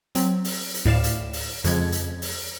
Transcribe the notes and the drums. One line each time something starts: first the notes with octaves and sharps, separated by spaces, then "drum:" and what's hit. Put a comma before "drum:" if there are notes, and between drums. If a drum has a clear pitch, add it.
F#3 C4, drum: hi-hat
drum: open hi-hat
drum: hi-hat
D2 A2 D5 F5 E7
drum: hi-hat
drum: open hi-hat
F2 C#3 F3 G#3 G#6, drum: hi-hat
drum: hi-hat
drum: open hi-hat